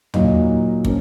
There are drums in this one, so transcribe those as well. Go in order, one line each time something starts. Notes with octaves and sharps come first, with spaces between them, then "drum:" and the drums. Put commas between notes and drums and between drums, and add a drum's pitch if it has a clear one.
A#2 F#3 A#3 D#4 D#5, drum: tom
F3 A#3 C#4, drum: kick